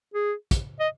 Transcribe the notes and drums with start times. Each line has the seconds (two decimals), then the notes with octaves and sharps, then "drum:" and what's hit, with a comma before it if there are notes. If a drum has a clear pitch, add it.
0.14 G#4
0.51 drum: kick, hi-hat
0.80 D#5